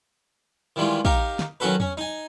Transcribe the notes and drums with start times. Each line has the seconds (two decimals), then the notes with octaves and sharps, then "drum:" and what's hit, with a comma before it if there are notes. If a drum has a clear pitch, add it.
0.76 D#3 E3 G3 G#3 F4
1.05 D#4 G4 A#4 F5, drum: kick
1.39 drum: snare
1.60 D#3 F#3 C#4 F#4 A4 B4
1.80 C#4, drum: tom E2
1.97 D#4 G#5